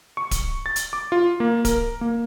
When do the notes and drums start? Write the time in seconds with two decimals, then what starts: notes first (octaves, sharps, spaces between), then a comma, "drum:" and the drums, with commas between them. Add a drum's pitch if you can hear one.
0.17 C#6
0.31 drum: kick D1, hi-hat
0.66 A6
0.76 drum: hi-hat
0.93 D6
1.12 F4
1.40 A#3
1.65 A#4, drum: kick D1, hi-hat
2.01 A#3